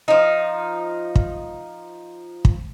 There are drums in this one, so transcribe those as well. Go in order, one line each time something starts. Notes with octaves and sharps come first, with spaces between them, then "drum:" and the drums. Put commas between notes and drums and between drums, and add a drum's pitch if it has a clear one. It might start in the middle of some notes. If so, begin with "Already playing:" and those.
F3 D#4
drum: kick
drum: kick